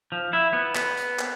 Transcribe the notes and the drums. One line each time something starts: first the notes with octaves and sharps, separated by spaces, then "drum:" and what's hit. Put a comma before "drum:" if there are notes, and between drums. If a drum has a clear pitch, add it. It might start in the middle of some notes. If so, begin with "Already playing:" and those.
F3
E4
B3
B3, drum: clap
drum: hi-hat
drum: clap